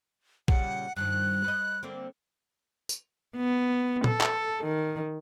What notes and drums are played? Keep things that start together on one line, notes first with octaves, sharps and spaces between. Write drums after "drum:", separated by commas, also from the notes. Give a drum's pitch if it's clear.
A#2 C#3 G3 F#5, drum: kick A#1
G2 D#3 F3 F#6
B4 D#5
D3 A#3 C4
drum: tambourine
B3
A4, drum: tom A#2
drum: clap
D#3